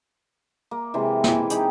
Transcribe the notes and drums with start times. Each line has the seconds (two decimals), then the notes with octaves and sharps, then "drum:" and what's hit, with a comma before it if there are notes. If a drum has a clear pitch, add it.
0.71 A#3
0.94 C3 E3 G#3 C6
1.24 E3 E4, drum: snare
1.50 D#4 G4 G#4, drum: hi-hat